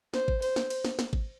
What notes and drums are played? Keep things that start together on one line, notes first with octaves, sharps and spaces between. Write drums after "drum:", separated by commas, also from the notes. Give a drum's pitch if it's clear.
C5, drum: snare
drum: kick G#1
C5, drum: cymbal
drum: snare
drum: cymbal
drum: snare
drum: snare
drum: kick G#1